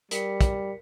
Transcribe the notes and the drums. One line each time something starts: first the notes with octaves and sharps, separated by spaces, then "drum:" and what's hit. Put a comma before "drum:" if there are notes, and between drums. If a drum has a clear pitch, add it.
G3 A#4 B6 C#7, drum: hi-hat
drum: kick, hi-hat